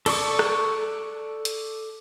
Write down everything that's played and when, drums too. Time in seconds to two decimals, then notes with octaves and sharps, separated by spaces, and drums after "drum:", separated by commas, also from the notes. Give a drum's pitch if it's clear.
0.06 A4 D5 C#6 D#6, drum: cymbal
0.39 drum: rim click
1.45 drum: hi-hat